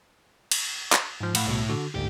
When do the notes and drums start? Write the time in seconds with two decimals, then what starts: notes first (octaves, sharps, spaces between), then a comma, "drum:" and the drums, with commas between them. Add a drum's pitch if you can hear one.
0.51 drum: cymbal
0.92 drum: clap
1.20 G#2 F3
1.35 A2 F5 F#5 B5, drum: cymbal
1.47 C2 B2
1.69 D3 F#4
1.95 G1 D2 G#2 G4